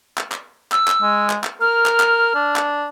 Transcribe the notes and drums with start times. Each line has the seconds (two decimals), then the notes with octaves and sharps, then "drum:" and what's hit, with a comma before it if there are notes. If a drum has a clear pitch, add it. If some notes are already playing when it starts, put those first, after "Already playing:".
0.18 drum: clap
0.32 drum: clap
0.72 E6, drum: clap
0.88 drum: clap
1.02 G#3
1.30 drum: clap
1.44 drum: clap
1.61 A#4 F6
1.86 drum: clap
2.00 drum: clap
2.35 D4
2.56 drum: clap